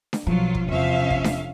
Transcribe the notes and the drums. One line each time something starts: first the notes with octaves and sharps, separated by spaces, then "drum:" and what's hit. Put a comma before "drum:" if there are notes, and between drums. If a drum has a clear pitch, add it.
drum: snare D4
B1 F3 F#3 F4
drum: kick
E2 C3 F3 C#4 E5 F5
drum: kick
drum: snare D4